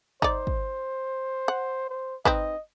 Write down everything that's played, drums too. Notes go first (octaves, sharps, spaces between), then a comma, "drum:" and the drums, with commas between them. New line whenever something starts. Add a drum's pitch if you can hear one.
D#4 C5 D5, drum: kick
drum: kick
F#5
C5
C4 D#4 B4 D#5, drum: kick